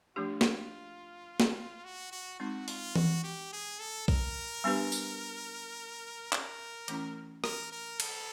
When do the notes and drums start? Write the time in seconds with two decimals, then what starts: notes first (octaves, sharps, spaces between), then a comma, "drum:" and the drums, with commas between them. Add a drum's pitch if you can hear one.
0.15 F3 A3 D4 F4 G4
0.41 drum: snare
1.40 drum: snare
1.85 F#4
2.12 F#4
2.40 G#3 C4 D#4 F#4
2.68 F4, drum: open hi-hat
2.96 F#4, drum: tom E3
3.24 G4
3.53 G#4
3.80 A4
4.08 A#4, drum: kick B1
4.64 G3 B3 D4 G4 B4
4.92 drum: tambourine
6.33 A#4, drum: clap
6.88 E3 A3 C#4 E4, drum: hi-hat
7.44 A#4, drum: rim click
7.72 A#4
8.00 A4, drum: cymbal